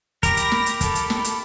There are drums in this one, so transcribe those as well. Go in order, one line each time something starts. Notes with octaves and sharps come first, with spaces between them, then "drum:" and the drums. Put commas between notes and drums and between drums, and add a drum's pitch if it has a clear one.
G4 A#4 B5 A#6, drum: kick, hi-hat
drum: hi-hat
drum: snare
drum: hi-hat
A4, drum: kick, hi-hat
drum: hi-hat
drum: snare
drum: hi-hat